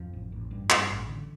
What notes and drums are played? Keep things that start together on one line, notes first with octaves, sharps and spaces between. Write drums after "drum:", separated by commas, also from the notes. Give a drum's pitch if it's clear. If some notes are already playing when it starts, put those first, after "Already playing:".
Already playing: F2 F3
A1
A1
G2
G2, drum: clap
A1
D3